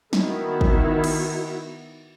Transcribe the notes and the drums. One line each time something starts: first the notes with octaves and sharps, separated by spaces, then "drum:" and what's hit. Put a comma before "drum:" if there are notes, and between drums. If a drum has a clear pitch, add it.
D#3 B3 E4 F#4, drum: snare
drum: kick
drum: cymbal